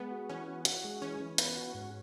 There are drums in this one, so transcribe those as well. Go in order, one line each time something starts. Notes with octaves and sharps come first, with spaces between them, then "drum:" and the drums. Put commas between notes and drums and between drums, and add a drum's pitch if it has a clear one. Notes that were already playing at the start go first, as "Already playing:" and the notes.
Already playing: G#3 B3
F#4
E3 C#4
F#4
F#4, drum: hi-hat
G#3
E3 C#4
E3
B3, drum: hi-hat
F#4
G#2